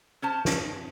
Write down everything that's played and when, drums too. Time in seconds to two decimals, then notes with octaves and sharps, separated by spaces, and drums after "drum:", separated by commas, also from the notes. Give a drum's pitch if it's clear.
0.22 C#4 C5 A5
0.45 drum: snare